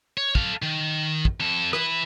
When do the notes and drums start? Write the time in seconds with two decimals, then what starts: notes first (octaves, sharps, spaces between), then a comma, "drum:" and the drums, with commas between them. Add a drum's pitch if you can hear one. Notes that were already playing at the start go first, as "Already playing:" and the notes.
0.18 C#5
0.35 A4 F5, drum: kick
0.62 D#3
1.25 drum: kick
1.40 F2 A4
1.73 E4 B4, drum: rim click